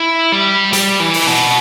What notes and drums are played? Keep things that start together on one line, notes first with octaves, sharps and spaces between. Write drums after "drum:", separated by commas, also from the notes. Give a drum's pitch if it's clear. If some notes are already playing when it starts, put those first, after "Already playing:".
Already playing: E4
G3
G3, drum: hi-hat
E3
drum: open hi-hat
B2